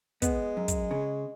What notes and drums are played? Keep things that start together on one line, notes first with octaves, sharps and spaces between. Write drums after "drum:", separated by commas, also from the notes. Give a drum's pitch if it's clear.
G#3 B3, drum: kick, hi-hat
F#2
drum: kick, hi-hat
C#3